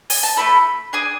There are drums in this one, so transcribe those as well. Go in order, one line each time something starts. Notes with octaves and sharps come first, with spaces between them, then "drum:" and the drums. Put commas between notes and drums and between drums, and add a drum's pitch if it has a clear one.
G#5, drum: open hi-hat
A5
A3 E4 A4 B5
D4 G#4 G#5